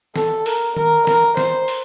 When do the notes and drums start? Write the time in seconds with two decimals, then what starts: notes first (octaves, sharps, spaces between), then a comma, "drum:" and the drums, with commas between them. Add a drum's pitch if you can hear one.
0.16 A4, drum: snare
0.46 A#4, drum: open hi-hat
0.77 A#4, drum: tom D#3
1.07 A#4, drum: snare
1.37 C5, drum: snare
1.68 drum: open hi-hat